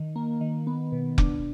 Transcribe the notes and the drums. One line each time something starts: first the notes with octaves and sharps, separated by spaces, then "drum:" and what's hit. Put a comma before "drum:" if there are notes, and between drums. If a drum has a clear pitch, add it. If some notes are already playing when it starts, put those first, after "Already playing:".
Already playing: D#3
A#3
D#3
B3
B2
D4, drum: kick F1